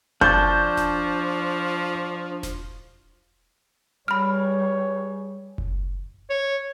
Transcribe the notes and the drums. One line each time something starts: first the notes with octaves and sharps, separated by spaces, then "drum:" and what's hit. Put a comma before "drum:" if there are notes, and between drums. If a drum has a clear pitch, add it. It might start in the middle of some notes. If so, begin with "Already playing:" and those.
F3 D4 A5 C#6 D6 G6, drum: kick F#1
drum: snare E1
drum: snare E1
G3 G#4 B4 C#5 B5 F6
drum: kick F#1
C#5